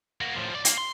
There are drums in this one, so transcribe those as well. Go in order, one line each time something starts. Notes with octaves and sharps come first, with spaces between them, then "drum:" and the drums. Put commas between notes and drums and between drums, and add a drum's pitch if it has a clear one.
A#3 F#4
A2 F3
B1 D5
A#3, drum: hi-hat
C6